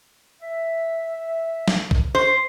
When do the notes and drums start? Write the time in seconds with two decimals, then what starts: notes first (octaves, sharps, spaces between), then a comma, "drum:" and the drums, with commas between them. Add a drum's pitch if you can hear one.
0.41 E5
1.68 drum: snare
1.91 drum: kick A#1
2.15 C5